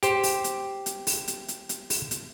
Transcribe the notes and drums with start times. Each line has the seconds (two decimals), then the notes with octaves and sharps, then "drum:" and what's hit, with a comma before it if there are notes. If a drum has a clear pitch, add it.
0.03 G4 C5, drum: hi-hat
0.23 drum: open hi-hat
0.44 drum: hi-hat
0.86 drum: hi-hat
1.07 drum: open hi-hat
1.28 drum: hi-hat
1.48 drum: hi-hat
1.69 drum: hi-hat
1.90 drum: open hi-hat
2.11 drum: hi-hat